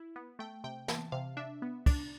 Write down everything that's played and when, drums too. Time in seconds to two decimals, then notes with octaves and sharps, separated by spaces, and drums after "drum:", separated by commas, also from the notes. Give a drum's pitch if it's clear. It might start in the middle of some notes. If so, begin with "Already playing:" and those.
Already playing: E4
0.16 B3
0.39 A3 G5
0.64 C3 G5
0.88 E3 A5, drum: snare
1.12 C3 F5
1.37 D4 E5
1.62 B3
1.86 D4, drum: kick, cymbal